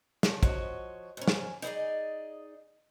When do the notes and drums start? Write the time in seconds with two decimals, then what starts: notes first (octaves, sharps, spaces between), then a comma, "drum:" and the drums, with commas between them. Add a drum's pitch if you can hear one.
0.23 E2 F3 A3 C#5, drum: snare
0.43 F3 F#4 C#5 D#5, drum: kick
1.17 G#2 C#4
1.28 drum: snare
1.62 D#4 E4 G#4 D5 D#5